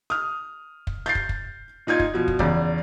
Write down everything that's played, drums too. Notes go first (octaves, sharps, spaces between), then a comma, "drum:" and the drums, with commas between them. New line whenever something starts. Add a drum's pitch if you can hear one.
D#6 F6
drum: kick
G6 A6 C7
drum: kick
drum: kick
A#2 D#4 F4 G#6
drum: kick
B2 F3
drum: kick
E2 C#3 D5, drum: kick